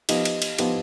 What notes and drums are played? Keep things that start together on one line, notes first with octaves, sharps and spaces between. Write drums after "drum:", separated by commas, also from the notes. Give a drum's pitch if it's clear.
F3 B3 D#4 G4, drum: cymbal
drum: cymbal
drum: cymbal
F3 B3 D#4 G4, drum: cymbal